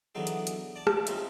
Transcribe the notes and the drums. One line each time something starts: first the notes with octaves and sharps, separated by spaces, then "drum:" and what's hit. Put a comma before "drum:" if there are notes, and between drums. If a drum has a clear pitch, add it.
D3 E3 F#3 B3 D#4 G#4
drum: hi-hat
drum: hi-hat
D5 A5
drum: rim click
F3 C4 C#4 D#4 E5, drum: hi-hat